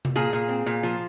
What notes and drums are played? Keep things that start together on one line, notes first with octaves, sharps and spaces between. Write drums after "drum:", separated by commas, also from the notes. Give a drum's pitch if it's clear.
drum: tom C3
A#2 G#4
A#2
C4
A#2
F3